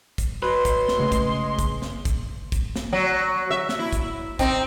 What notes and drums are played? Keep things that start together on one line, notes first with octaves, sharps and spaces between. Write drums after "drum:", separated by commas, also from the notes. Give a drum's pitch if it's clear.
drum: kick, hi-hat
B2 F#3 B4 C6
drum: kick, hi-hat
drum: snare
C#3 G#3 A3
drum: kick, hi-hat
drum: kick, hi-hat
drum: snare
drum: kick, hi-hat
drum: kick, hi-hat
drum: snare
F#3
E5
drum: snare
E4
drum: kick, hi-hat
C4 D#4, drum: kick, hi-hat